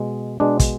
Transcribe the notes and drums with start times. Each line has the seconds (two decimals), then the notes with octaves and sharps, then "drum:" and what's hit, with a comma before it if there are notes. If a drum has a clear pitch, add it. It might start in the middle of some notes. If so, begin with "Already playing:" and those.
Already playing: B2 G#3
0.40 B2 G#3 D4
0.60 drum: kick, hi-hat